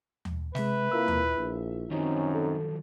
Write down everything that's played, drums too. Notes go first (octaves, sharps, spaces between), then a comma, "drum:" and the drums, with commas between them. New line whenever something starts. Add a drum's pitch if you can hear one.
drum: tom D#2
C3 G#3 B4 E5, drum: snare
C3 A#3 E4 F4 E6
drum: tom D#2
A#1
F#2 D#3 F3 F#3 C4 C#4 D#4
A4